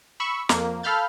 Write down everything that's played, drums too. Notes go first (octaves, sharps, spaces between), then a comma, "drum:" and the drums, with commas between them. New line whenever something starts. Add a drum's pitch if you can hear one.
B5 C#6 E6
F2 A#3, drum: snare
A4 F5 B5 F6 G6 A6